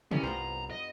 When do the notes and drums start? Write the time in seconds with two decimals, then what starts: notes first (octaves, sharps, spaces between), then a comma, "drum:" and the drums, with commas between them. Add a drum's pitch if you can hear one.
0.11 G2 E3 C#4 A#4, drum: tom C3
0.23 C2 B3 F4 C5 A#5
0.70 D#5